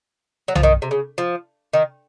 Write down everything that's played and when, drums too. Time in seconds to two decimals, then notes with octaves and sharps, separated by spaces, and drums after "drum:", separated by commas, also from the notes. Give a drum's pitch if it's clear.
0.48 F#3
0.55 F3, drum: tom B1
0.63 D#3
0.82 C3
0.91 C#3
1.18 F3
1.73 D#3